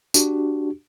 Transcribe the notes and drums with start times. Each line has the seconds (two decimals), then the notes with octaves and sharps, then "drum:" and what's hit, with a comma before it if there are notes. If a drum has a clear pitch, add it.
0.14 D4 F#4 G4, drum: tambourine